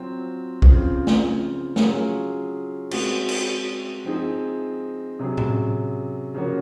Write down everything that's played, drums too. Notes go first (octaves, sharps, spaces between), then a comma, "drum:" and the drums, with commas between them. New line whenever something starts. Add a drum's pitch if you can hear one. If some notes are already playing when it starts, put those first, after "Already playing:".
Already playing: F#3 C4 F4
C#3 F3 C4 F4, drum: kick B1
drum: snare
F#3 C#4 F4 G#4, drum: snare
G#3 C4 F#4, drum: cymbal
drum: cymbal
F3 C4 D#4 G#4
C3 F#3 C#4 G#4
drum: tom A2
C#3 F3 A#3 C#4 F#4